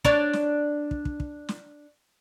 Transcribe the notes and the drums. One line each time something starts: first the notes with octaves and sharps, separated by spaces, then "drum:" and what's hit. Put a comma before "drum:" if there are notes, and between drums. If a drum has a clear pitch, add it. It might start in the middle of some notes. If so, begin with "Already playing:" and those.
D4 C#5, drum: kick
drum: snare
drum: kick
drum: kick
drum: kick
drum: snare